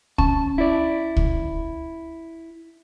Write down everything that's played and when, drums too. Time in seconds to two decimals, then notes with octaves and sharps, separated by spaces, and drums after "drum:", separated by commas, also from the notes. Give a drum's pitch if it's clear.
0.18 C#4 A5, drum: kick
0.58 E4 D5
1.17 drum: kick